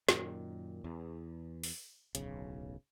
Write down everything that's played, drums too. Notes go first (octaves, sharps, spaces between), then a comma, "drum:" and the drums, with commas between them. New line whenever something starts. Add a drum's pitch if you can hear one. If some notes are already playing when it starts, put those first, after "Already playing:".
F#2 A#2 D#3, drum: snare
E2
drum: open hi-hat
D1 B1 C#3, drum: hi-hat